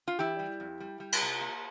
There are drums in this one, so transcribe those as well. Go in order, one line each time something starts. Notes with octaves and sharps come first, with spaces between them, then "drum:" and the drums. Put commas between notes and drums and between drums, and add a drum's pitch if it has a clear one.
F4
E3 E4 G4
G3
F2
G3
G3
drum: cymbal
C3
A#3